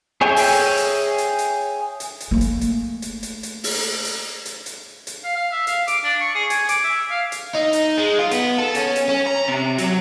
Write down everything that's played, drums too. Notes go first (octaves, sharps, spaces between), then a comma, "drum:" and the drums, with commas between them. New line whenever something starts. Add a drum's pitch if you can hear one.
G#4 C#5 E5 G5 G#5
drum: open hi-hat
drum: hi-hat
drum: hi-hat
drum: hi-hat
drum: hi-hat
drum: hi-hat
A3 A#3
drum: hi-hat
drum: hi-hat
drum: hi-hat
drum: hi-hat
drum: hi-hat
drum: open hi-hat
drum: hi-hat
drum: hi-hat
drum: hi-hat
drum: hi-hat
F5
F5
E5
F5, drum: hi-hat
D6, drum: hi-hat
D4
C#6
G#4
G#5, drum: hi-hat
D6, drum: hi-hat
E5
F5
drum: hi-hat
D#4
drum: hi-hat
G#3
F4
B3, drum: hi-hat
A4
C#4, drum: hi-hat
drum: hi-hat
C#4
A#5
C3
F#3, drum: hi-hat